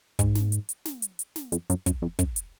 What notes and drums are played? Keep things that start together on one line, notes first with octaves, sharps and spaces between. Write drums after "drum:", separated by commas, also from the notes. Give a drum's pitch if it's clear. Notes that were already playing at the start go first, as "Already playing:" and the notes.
G#2, drum: kick, hi-hat
drum: snare
drum: hi-hat
drum: hi-hat
drum: snare
drum: hi-hat
drum: hi-hat
drum: snare
F2, drum: hi-hat
F#2, drum: hi-hat
F#2, drum: kick, hi-hat
F2
F#2, drum: kick, hi-hat
drum: hi-hat